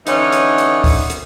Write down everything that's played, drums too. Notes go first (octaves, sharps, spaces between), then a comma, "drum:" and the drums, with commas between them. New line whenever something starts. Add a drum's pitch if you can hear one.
D3 E3 C#4 D#4 F#5, drum: hi-hat
drum: hi-hat
drum: hi-hat
drum: kick C#2, open hi-hat
drum: hi-hat